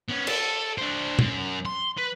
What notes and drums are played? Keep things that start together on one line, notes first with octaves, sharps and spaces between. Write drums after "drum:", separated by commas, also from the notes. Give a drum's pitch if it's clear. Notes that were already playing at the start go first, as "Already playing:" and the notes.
B3 C#4
A4, drum: cymbal
D4 C5
F#2, drum: tom B2
C6
B4